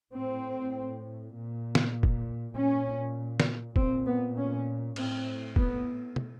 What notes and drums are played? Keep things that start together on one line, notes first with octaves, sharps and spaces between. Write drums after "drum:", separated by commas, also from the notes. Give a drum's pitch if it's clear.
A2 C4
A#2
drum: snare
drum: kick
A#2 C#4
drum: snare
A#2 C4, drum: kick
B3
C#4
A2 C4, drum: cymbal
B3, drum: kick
drum: tom